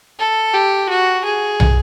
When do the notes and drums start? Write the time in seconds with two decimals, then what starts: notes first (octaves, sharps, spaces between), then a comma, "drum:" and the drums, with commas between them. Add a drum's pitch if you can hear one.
0.19 A4
0.54 G4
0.89 F#4
1.25 G#4
1.60 drum: tom